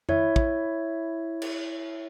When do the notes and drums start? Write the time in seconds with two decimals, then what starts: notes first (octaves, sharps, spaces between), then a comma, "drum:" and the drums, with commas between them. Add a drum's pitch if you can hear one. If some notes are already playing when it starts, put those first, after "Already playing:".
0.09 E4 C#5 E5, drum: tom F2
0.36 drum: kick
1.42 drum: cymbal